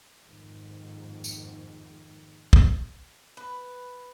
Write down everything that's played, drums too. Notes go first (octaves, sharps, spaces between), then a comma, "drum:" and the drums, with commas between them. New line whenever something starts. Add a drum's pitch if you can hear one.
A#1 F2 G#2 D#3
drum: tambourine
drum: kick
B4